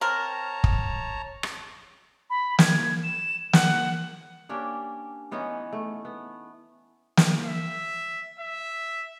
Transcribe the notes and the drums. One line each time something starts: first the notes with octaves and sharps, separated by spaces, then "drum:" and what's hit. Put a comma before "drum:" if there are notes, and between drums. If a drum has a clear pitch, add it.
C4 A#4 C#5 A5 A#5
drum: kick
drum: rim click
B5
G#6, drum: snare
E7
F#5, drum: snare
A#3 C#4 D4 G4
E3 B3 C#4 D#4
A3
B3
drum: snare
E5
E5